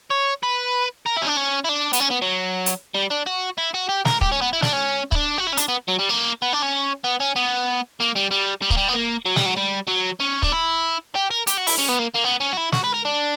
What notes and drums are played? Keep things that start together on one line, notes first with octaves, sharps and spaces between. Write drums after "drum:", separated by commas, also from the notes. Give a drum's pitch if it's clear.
C#5
B4
A#4
E4
C#4
D4
C#4
E4
D4
B3, drum: hi-hat
C#4
B3
F#3
drum: hi-hat
G3
D4
F#4
E4
F#4
G4
A#4, drum: snare
G4, drum: kick
C#4
B3
E4
D4, drum: snare
C#4
E4, drum: kick
D4
F#4
E4
C#4
D4, drum: hi-hat
B3
F#3
G3
A#3
B3
D4
C#4
B3
C#4
B3
A#3
G3
G3
G3
A#3, drum: kick
G3
B3
A#3
F#3
G3, drum: snare
F#3
G3
F#3
C#4
D4, drum: kick
E4
G4
A#4
G4, drum: hi-hat
F#4
E4, drum: open hi-hat
C#4
B3
A#3
A#3
B3
C#4
F#4
E4
F#4, drum: snare
B4
A#4
D4